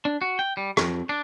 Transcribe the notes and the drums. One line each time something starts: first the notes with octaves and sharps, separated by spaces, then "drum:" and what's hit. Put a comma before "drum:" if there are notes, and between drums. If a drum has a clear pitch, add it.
D4
F#4
G5
G3
F2, drum: rim click
D4